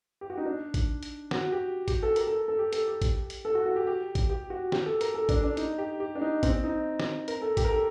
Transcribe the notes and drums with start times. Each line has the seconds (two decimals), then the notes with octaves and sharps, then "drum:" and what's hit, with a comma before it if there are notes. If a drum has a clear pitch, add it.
0.21 G4
0.30 F#4
0.38 D#4
0.46 D4
0.74 drum: kick A1, hi-hat
1.03 drum: hi-hat
1.31 F#4, drum: snare
1.52 G4
1.88 G4, drum: kick A1, hi-hat
2.03 A4
2.16 A#4, drum: hi-hat
2.27 A4
2.48 A4
2.59 G4
2.73 A4, drum: hi-hat
2.88 G4
3.02 drum: kick A1, hi-hat
3.30 drum: hi-hat
3.45 A4
3.55 F#4
3.66 F#4
3.76 G4
3.87 G4
4.15 drum: kick A1, hi-hat
4.30 G4
4.50 F#4
4.72 G4, drum: snare
4.86 A4
5.01 A#4, drum: hi-hat
5.14 A4
5.29 D4, drum: kick A1, hi-hat
5.44 D4
5.57 D#4, drum: hi-hat
5.78 G4
6.00 G4
6.15 D4
6.21 D#4
6.43 C4, drum: kick A1, hi-hat
6.64 D#4
7.00 drum: snare
7.28 A#4, drum: hi-hat
7.42 A4
7.57 G4, drum: kick A1, hi-hat
7.64 A#4
7.71 A4